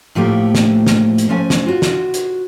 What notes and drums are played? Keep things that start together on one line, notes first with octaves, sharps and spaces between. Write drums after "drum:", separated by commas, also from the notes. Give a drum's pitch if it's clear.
A2 F3 A3 A#3 G4
drum: snare
drum: snare
drum: hi-hat
F3 A3 C#4 G#5
drum: snare
F4 F#4
drum: snare
drum: hi-hat